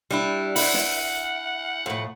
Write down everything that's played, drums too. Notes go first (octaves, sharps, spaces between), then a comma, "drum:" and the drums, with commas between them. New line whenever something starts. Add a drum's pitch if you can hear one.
G3 D4 E4
E4 F#5, drum: open hi-hat
drum: snare
F2 A2